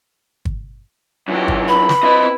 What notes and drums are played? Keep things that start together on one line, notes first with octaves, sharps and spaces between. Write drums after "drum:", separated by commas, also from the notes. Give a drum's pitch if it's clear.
drum: kick
F#2 E3 F#4 G4
drum: kick
B4 B5
drum: snare
C4 E4 B4 D#5